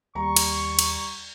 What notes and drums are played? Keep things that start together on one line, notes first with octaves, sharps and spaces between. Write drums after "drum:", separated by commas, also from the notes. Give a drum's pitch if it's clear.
D#2 G3 A#5 C#6
drum: cymbal
drum: cymbal